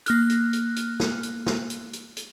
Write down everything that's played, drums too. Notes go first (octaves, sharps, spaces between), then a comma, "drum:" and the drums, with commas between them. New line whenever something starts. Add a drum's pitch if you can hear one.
A#3 F6 F#6, drum: hi-hat
drum: hi-hat
drum: hi-hat
drum: hi-hat
drum: snare
drum: hi-hat
drum: snare
drum: hi-hat
drum: hi-hat
drum: hi-hat